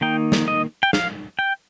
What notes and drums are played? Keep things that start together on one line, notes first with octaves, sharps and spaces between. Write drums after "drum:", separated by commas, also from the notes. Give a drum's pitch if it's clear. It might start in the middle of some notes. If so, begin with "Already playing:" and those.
D#3 A#3 D#4 G5
drum: snare
D#5
G5
F5, drum: snare
G5